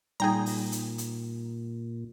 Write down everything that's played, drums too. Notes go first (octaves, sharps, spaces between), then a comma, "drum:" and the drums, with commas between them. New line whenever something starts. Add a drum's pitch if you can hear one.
A#2 G3 D#4 G#4 G5 A#5
drum: open hi-hat
drum: hi-hat
drum: hi-hat